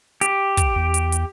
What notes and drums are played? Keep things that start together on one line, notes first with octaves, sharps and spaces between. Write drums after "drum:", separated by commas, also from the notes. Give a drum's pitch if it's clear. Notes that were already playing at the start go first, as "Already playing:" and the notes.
G4, drum: hi-hat
drum: kick, hi-hat
E2
drum: hi-hat
drum: hi-hat